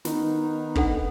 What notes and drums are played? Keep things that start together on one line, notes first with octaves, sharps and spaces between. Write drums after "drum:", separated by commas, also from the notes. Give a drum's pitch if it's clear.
D#3 B3 D#4, drum: snare
D4 A4 F#5, drum: kick